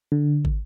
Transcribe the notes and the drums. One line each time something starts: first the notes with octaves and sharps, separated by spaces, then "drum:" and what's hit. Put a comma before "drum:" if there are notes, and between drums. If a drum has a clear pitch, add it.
D3
drum: kick